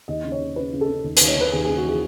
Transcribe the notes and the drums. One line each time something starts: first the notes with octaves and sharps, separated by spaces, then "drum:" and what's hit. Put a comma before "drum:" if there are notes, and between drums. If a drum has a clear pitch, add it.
D#2 D#5
C#3
C#5
C#3
C#3 B4
C#3
A4
C#3
D#2
D#2 B4, drum: hi-hat
C#5
D#2 B4
D#2 G#4
C#3 G#4
F#4
E3 G#4